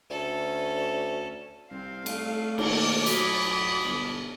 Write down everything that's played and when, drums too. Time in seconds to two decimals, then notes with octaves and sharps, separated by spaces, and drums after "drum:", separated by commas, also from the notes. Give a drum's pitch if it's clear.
0.10 D2 C#4 A4
1.71 C2 C4 F5
2.06 A3, drum: cymbal
2.58 D#2 D6, drum: cymbal
3.06 F#3 B5 D#6, drum: hi-hat
3.83 G1